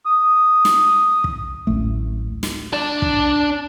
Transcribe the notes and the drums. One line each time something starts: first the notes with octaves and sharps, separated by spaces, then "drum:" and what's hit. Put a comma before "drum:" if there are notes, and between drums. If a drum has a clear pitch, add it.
D#6
drum: snare
drum: kick
D1 A1 A3
drum: snare
D4 D5
drum: kick